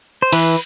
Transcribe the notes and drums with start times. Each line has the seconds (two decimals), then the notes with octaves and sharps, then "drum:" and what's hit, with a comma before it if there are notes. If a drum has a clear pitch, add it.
0.22 C5
0.32 E3 B4, drum: cymbal